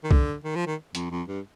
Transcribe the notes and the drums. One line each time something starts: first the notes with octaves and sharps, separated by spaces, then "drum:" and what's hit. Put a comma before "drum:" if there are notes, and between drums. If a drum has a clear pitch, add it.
D#3
D3, drum: kick
D#3
F3
D#3
F2, drum: hi-hat
F2
G2